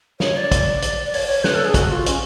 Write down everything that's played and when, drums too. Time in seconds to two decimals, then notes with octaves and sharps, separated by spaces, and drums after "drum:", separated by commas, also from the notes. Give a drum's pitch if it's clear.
0.20 C#5, drum: snare
0.37 D5
0.52 drum: kick, hi-hat
0.82 drum: hi-hat
1.06 D5
1.14 C#5, drum: open hi-hat
1.28 C#5
1.44 B4, drum: snare
1.55 A4
1.65 G#4
1.74 F#4, drum: kick, hi-hat
1.91 F4
2.06 C#4, drum: hi-hat